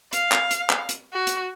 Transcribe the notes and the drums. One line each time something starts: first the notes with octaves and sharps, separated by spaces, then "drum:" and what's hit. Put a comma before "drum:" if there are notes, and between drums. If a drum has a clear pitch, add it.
F5, drum: hi-hat
drum: clap
drum: hi-hat
drum: clap
drum: hi-hat
F#4
drum: hi-hat